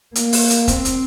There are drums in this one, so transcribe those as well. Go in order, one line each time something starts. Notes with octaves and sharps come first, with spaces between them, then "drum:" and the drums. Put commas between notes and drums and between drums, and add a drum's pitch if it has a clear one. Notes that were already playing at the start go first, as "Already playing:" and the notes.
A#3, drum: hi-hat
drum: open hi-hat
drum: hi-hat
C4, drum: kick, hi-hat
drum: hi-hat